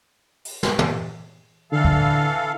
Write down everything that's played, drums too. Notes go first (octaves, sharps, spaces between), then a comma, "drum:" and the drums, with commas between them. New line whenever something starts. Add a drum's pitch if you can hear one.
drum: open hi-hat
drum: snare
drum: tom
D3 E3 A4 F5
drum: kick D2